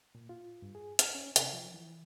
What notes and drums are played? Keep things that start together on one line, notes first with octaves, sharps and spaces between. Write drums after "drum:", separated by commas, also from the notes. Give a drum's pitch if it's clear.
A#2
F4
G2
G#4
F6, drum: hi-hat
C#4
C3, drum: hi-hat
F3
E3